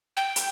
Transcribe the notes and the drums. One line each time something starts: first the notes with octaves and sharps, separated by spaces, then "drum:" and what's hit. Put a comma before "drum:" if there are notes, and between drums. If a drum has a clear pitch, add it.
G5
drum: hi-hat